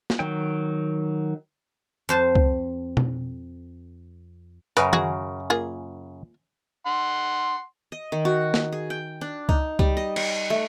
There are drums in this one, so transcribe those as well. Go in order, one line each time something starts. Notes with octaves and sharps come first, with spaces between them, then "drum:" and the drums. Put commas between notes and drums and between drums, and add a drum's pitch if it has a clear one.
drum: snare
D#3 F#3 G5
F2 C5 A5
drum: kick C#2
drum: tom B2
F#2 C#3 A#4 B4, drum: hi-hat
F#4 G#4, drum: tom D#3
A#3 F4 G#4
F#5 C6
D#5
D#3
F#4
drum: snare
G#4
G5
D4
D#4, drum: kick C#2
G3, drum: kick C#2
D#5
D#5, drum: cymbal
A3